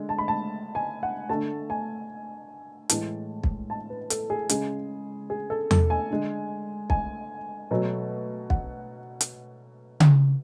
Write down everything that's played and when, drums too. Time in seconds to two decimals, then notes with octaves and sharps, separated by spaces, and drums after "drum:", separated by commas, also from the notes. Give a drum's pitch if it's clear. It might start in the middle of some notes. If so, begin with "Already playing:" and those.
Already playing: D3 G#3
0.09 A5
0.19 B5
0.28 A5
0.75 G#5
1.03 F#5
1.29 D3 A3 A5
1.70 G#5
2.89 A2 E3 G#3 A5, drum: hi-hat
3.44 drum: kick
3.70 A5
3.90 B4
4.10 A4, drum: hi-hat
4.30 G#4
4.49 C#3 G#3 G#4, drum: hi-hat
5.30 G#4
5.50 A4
5.71 A4, drum: tom E2
5.90 G#5
6.10 D3 G#3
6.90 G#5, drum: kick
7.71 B2 F#3 A3
8.50 F#5, drum: kick
9.21 drum: hi-hat
10.00 drum: tom C#3